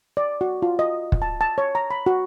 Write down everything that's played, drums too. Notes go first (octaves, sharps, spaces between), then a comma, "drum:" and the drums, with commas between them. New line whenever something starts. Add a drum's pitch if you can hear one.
D5
F#4
F4
D#5
drum: kick
A5
A5
C#5
A#5
B5
F#4